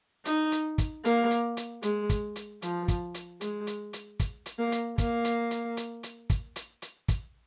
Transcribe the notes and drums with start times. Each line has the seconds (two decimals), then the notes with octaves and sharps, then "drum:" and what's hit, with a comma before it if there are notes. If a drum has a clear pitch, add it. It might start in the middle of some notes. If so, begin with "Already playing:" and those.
0.25 D#4, drum: hi-hat
0.52 drum: hi-hat
0.78 drum: kick, hi-hat
1.05 A#3, drum: hi-hat
1.31 drum: hi-hat
1.57 drum: hi-hat
1.83 G#3, drum: hi-hat
2.10 drum: kick, hi-hat
2.36 drum: hi-hat
2.62 F3, drum: hi-hat
2.88 drum: kick, hi-hat
3.15 drum: hi-hat
3.41 G#3, drum: hi-hat
3.67 drum: hi-hat
3.93 drum: hi-hat
4.20 drum: kick, hi-hat
4.46 drum: hi-hat
4.59 A#3
4.72 drum: hi-hat
4.98 A#3, drum: kick, hi-hat
5.25 drum: hi-hat
5.51 drum: hi-hat
5.77 drum: hi-hat
6.03 drum: hi-hat
6.30 drum: kick, hi-hat
6.56 drum: hi-hat
6.82 drum: hi-hat
7.08 drum: kick, hi-hat